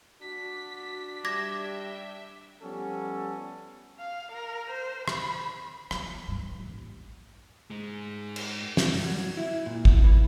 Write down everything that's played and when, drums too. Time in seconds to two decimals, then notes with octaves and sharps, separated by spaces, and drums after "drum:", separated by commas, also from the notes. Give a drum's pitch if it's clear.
0.21 D4 F#4 B6
1.25 G3 E5 G5 D6 G#6 A#6
2.62 F3 G3 B3 C#4 A4
3.99 F5
4.32 A#4
4.70 C5
5.08 B5, drum: rim click
5.91 F3 B3, drum: rim click
6.28 G2 E3
6.55 A1 D#2
7.70 G#2 G#3
8.36 drum: cymbal
8.77 drum: snare
8.93 G2, drum: open hi-hat
9.06 F#3
9.37 E4
9.66 A#2
9.85 B2, drum: kick
10.04 E3